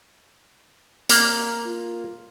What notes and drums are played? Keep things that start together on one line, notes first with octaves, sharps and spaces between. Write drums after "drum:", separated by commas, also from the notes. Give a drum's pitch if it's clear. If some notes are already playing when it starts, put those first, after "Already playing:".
A#3 A#5, drum: hi-hat
F4